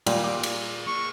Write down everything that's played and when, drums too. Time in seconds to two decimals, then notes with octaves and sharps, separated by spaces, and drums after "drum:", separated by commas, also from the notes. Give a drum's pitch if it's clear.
0.06 A#2 G3, drum: cymbal
0.24 D6
0.43 drum: cymbal
0.87 C#6